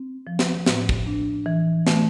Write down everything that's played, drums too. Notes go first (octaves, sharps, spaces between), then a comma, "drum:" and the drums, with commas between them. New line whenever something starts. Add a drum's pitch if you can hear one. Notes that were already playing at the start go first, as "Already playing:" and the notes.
Already playing: C4
F3
drum: snare
A2, drum: snare
drum: kick
D4
E3
A3, drum: snare